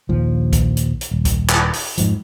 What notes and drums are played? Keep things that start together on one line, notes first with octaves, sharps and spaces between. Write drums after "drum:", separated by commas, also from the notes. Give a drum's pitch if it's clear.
A#1 D#2 F3
drum: kick B1, hi-hat
drum: hi-hat
drum: hi-hat
D#1
drum: kick B1, hi-hat
drum: clap
drum: open hi-hat
F2 G#2 F3, drum: hi-hat